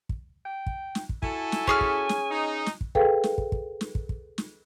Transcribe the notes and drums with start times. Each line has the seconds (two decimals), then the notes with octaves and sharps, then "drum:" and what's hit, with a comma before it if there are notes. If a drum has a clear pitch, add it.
0.09 drum: kick
0.45 G5
0.67 drum: kick
0.95 drum: snare
1.09 drum: kick
1.23 E4 F#4 A4 G#5, drum: kick
1.52 drum: snare
1.67 C#4 G#4 F6, drum: kick
1.81 drum: kick
2.09 drum: snare
2.31 D#4
2.66 drum: snare
2.81 drum: kick
2.95 G#4 A4 B4 F5 G5, drum: kick
3.24 drum: snare
3.38 drum: kick
3.52 drum: kick
3.81 drum: snare
3.95 drum: kick
4.09 drum: kick
4.38 drum: snare